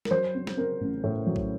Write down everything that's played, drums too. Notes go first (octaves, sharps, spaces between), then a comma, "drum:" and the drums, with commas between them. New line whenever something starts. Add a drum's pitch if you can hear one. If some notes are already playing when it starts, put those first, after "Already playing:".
A#4, drum: snare
F#3 C5
C4
drum: snare
C4 A#4
A1
A2
F#3
drum: kick